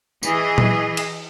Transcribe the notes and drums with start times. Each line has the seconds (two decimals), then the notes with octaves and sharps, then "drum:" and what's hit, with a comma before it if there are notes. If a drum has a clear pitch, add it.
0.23 E3 G#4 D#5, drum: tambourine
0.58 drum: tom A#2
0.97 drum: cymbal